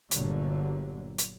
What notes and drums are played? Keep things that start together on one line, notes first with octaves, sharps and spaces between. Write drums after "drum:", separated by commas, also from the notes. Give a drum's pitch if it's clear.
G1 A#2 D3 F#3 G3, drum: hi-hat
drum: hi-hat